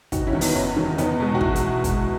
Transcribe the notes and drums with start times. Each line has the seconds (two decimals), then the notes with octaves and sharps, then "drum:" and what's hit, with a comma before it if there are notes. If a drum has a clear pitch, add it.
0.12 F#1 D#4 F#4, drum: kick, hi-hat
0.27 C#4 E4
0.33 E2 D#3
0.41 B3 D#4, drum: open hi-hat
0.55 F#1 C#4
0.77 E2 D#3
0.98 E2 B3 D#4, drum: hi-hat
1.20 B2 G#3
1.35 F#4
1.41 E4, drum: kick
1.55 drum: hi-hat
1.84 drum: kick, hi-hat